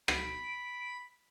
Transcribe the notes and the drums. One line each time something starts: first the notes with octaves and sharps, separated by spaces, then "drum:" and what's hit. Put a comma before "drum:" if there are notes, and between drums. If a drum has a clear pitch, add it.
B5 D7, drum: rim click